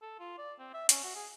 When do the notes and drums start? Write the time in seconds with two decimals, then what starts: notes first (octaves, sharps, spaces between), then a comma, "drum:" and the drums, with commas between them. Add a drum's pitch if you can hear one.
0.02 A4
0.19 F4
0.38 D5
0.59 C4
0.74 E5
0.89 C#4, drum: hi-hat
1.04 F#4
1.15 G#4